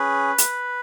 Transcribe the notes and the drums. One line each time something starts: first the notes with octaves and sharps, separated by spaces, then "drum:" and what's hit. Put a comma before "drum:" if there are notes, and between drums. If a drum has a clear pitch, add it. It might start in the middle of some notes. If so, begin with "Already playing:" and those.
Already playing: C#4 G#4 B4
drum: hi-hat